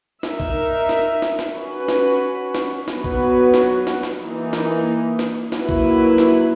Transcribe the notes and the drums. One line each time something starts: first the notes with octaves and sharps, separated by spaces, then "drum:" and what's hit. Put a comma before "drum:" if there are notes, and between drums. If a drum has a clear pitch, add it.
D#4 A#4 E5, drum: snare
drum: kick A#1
drum: snare
drum: snare
drum: snare
C#4 F#4 B4
drum: snare
drum: snare
F#3 B3 F#4 B4, drum: snare
drum: kick A#1
drum: snare
drum: snare
drum: snare
E3 A#3 D#4
drum: snare
drum: snare
F#3 A#3 E4 B4, drum: snare
drum: kick A#1
drum: snare